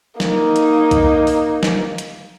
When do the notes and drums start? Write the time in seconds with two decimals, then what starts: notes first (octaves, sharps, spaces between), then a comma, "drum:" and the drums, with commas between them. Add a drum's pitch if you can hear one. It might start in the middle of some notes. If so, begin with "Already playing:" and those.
0.20 A#3 D#4, drum: snare
0.56 drum: hi-hat
0.91 drum: kick B1, hi-hat
1.27 drum: open hi-hat
1.63 drum: snare
1.98 drum: hi-hat